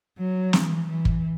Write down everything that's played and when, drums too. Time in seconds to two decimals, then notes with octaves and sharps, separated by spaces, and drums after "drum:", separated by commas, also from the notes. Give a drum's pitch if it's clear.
0.18 F#3
0.53 E3, drum: snare
0.87 E3
1.05 drum: kick